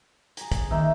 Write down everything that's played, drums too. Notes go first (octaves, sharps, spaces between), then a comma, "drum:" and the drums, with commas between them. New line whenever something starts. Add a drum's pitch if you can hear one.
G#4 A#5, drum: hi-hat
drum: kick, hi-hat
D#3 A#3 D#4 E5